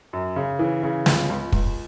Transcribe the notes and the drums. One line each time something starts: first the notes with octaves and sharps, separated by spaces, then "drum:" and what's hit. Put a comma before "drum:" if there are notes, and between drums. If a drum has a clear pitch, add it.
F#2
C#3
E3
C#3
C#2, drum: snare
C#2
C#2, drum: kick